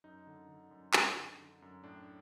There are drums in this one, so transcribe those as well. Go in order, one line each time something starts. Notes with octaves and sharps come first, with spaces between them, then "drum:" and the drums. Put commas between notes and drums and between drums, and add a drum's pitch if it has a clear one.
F#2 D#4
D3
D3
F#2
F#2, drum: clap
D3
D3
F#2
A2 D4